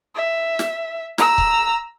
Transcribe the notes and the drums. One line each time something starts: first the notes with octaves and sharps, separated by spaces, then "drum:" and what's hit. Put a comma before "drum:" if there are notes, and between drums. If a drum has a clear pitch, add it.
E5
drum: snare
A#5 E6, drum: snare
drum: kick C#1